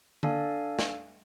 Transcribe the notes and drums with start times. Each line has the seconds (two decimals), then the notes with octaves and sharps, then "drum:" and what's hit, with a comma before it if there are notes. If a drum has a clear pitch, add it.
0.23 D4 A4 D5 F5 G#5, drum: tom D3
0.79 drum: snare